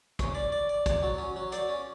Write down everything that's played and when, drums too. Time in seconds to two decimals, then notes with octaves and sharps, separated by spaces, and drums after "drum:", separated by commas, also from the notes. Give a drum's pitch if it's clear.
0.19 C#4, drum: kick, hi-hat
0.35 D5
0.52 D5
0.69 D5
0.86 D5, drum: kick, hi-hat
1.03 F#3
1.18 C#4
1.36 F#3
1.52 D5, drum: hi-hat
1.69 C#4